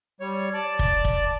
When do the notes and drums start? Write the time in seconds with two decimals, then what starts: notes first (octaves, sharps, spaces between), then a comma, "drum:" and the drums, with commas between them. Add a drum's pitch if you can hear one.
0.21 G3 C#5
0.54 D5 A5
0.79 drum: kick
1.05 drum: kick